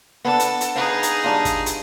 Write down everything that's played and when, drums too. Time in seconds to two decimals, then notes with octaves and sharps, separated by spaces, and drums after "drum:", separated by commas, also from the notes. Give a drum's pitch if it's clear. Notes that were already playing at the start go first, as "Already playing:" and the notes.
0.25 B3 D4 A4
0.40 drum: hi-hat
0.61 drum: hi-hat
0.75 D#4 G#4 B4 F5
1.03 drum: hi-hat
1.24 G2 D4 F4
1.45 drum: kick, hi-hat
1.66 drum: hi-hat